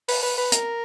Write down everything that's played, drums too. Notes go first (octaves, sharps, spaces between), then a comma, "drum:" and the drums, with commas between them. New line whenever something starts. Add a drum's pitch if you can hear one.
B4, drum: open hi-hat
B4
B4
A#4, drum: hi-hat